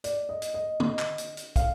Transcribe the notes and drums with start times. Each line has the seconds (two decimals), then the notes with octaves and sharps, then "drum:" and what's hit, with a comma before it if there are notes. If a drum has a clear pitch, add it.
0.04 D5, drum: hi-hat
0.29 D#5
0.42 drum: hi-hat
0.54 D#5
0.80 D#5, drum: tom
0.99 drum: clap
1.18 drum: hi-hat
1.37 drum: hi-hat
1.56 F5, drum: kick, hi-hat